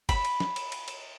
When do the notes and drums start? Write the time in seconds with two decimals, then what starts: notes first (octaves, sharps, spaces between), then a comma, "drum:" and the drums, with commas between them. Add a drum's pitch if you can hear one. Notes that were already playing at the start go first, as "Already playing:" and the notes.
0.09 B5, drum: kick F#1, cymbal
0.25 drum: cymbal
0.40 drum: snare
0.56 drum: cymbal
0.72 drum: cymbal
0.88 drum: cymbal